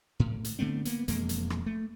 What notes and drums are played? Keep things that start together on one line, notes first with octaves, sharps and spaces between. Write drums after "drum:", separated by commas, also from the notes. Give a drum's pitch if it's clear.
A2
drum: hi-hat
D3 A3 B3 C4
A#3 B3, drum: hi-hat
E1 F2 G#3 A#3, drum: hi-hat
drum: hi-hat
drum: rim click
A3